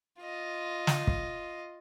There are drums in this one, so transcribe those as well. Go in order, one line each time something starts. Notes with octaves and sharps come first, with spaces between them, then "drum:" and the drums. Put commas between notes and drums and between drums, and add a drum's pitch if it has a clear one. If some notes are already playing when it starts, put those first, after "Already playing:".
F4 D#5
drum: snare
drum: kick